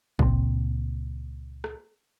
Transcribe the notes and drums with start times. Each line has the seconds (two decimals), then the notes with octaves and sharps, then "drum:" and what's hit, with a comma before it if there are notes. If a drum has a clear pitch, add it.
0.19 C#2 A#2 G3 C4, drum: kick
1.64 drum: rim click